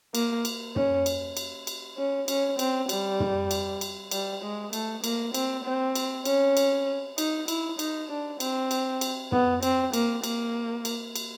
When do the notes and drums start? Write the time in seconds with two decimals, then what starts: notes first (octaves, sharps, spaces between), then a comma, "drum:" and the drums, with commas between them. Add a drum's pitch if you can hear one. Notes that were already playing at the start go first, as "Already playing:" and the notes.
0.15 A#3, drum: cymbal
0.45 drum: cymbal
0.76 C#4, drum: tom
1.06 drum: cymbal
1.37 drum: cymbal
1.67 drum: cymbal
1.98 C#4
2.28 C#4, drum: cymbal
2.59 C4, drum: cymbal
2.89 G3, drum: cymbal
3.20 drum: tom
3.51 drum: cymbal
3.81 drum: cymbal
4.11 G3, drum: cymbal
4.43 G#3
4.73 A3, drum: cymbal
5.04 A#3, drum: cymbal
5.34 C4, drum: cymbal
5.64 C4
5.95 drum: cymbal
6.25 C#4, drum: cymbal
6.57 drum: cymbal
7.18 D#4, drum: cymbal
7.48 E4, drum: cymbal
7.79 D#4, drum: cymbal
8.09 D4
8.40 C4, drum: cymbal
8.71 drum: cymbal
9.01 drum: cymbal
9.32 B3, drum: tom
9.63 C4, drum: cymbal
9.93 A#3, drum: cymbal
10.24 A#3, drum: cymbal
10.85 drum: cymbal
11.16 drum: cymbal